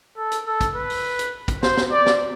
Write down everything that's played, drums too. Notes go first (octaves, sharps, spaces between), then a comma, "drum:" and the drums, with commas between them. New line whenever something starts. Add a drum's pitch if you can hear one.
A4
drum: hi-hat
A4
drum: kick, hi-hat
B4
drum: open hi-hat
drum: hi-hat
drum: kick, hi-hat
C5, drum: snare
drum: snare
D5
drum: snare